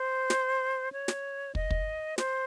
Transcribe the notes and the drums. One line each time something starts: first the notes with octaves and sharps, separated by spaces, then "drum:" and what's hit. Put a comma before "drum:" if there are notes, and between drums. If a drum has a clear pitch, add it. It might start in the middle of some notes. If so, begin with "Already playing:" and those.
Already playing: C5
drum: snare
C#5
drum: snare
D#5, drum: kick
drum: kick
C5, drum: snare